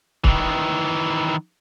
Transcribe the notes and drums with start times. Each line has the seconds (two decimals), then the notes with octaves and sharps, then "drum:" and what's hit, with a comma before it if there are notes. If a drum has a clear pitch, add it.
0.24 D#3 E3, drum: kick